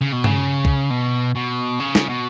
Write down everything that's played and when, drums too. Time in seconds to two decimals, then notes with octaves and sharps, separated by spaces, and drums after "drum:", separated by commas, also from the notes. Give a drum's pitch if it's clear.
0.01 C#3
0.12 B2
0.24 C#3, drum: tom G2
0.65 drum: kick
0.90 B2
1.35 B2
1.79 C#3
1.95 drum: snare
2.09 B2